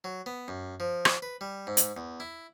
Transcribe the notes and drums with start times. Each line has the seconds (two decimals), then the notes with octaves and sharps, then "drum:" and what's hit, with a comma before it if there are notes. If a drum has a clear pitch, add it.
0.04 F#3
0.26 B3
0.48 F#2
0.80 F3
1.05 drum: rim click
1.22 B4
1.41 G3
1.67 G#2
1.77 drum: hi-hat
1.97 E2
2.20 E4